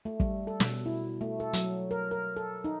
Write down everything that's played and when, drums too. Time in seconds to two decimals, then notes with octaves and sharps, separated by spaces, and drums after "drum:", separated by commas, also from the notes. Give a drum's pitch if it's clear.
0.05 A3
0.20 G3, drum: kick
0.47 A4
0.60 B2, drum: snare
0.86 E4
1.21 A3
1.40 A4
1.53 F#3, drum: hi-hat
1.91 A#4
2.11 A#4
2.37 A4
2.64 D#4